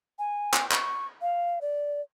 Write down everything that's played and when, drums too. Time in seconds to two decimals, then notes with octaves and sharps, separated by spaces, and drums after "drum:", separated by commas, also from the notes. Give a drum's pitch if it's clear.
0.19 G#5
0.54 drum: clap
0.72 C#6, drum: clap
1.22 F5
1.61 D5